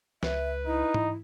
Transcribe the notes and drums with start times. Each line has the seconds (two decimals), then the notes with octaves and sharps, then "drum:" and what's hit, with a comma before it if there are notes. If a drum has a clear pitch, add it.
0.23 C#2 B4 E5, drum: snare
0.66 D#4 E4
0.94 drum: tom G#2